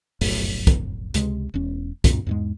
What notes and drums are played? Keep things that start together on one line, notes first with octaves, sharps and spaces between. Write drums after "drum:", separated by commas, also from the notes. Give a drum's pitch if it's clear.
F1 B1 F#2 A2, drum: open hi-hat
drum: kick, hi-hat
C#2 C3 G#3, drum: hi-hat
E1 E2 C#4
C#2 F#2 A#2, drum: kick, hi-hat
E2 G#2 G#3